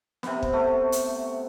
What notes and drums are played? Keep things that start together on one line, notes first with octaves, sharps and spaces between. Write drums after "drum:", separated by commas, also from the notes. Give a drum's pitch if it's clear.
C3 B3, drum: snare
drum: kick
A3
drum: hi-hat